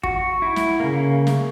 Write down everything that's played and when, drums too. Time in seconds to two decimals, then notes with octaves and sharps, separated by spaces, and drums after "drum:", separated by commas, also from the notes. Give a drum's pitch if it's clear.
0.03 F#4, drum: kick
0.42 E4
0.56 drum: snare
0.80 C#3 A#3
1.27 drum: snare